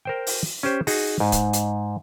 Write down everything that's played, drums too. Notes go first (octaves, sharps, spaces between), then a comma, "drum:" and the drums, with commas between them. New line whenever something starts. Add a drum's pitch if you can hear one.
A#4 C5 G5
drum: open hi-hat
C#4 G4 C5
D#4 F#4 G#4, drum: open hi-hat
G#2
drum: kick C#1, hi-hat
drum: hi-hat